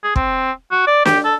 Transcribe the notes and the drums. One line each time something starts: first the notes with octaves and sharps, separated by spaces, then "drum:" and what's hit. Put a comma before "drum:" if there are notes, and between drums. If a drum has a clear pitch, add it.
G#4
C4, drum: kick
F#4
D5
G4, drum: snare
A4